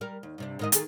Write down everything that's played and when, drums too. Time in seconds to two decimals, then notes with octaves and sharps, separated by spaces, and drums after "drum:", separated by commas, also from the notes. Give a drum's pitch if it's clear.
0.01 G3 A#4
0.23 D#2
0.38 G2 C3 D4
0.59 G#2 D#3 D#5
0.72 D#3 A3 G#4, drum: hi-hat